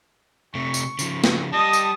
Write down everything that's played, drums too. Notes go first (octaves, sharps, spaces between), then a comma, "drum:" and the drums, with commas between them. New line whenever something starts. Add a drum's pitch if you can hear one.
C3 A3 C#6
drum: tambourine
C#3 F3, drum: tambourine
drum: snare
G3 D#5 A5 D#6
drum: tambourine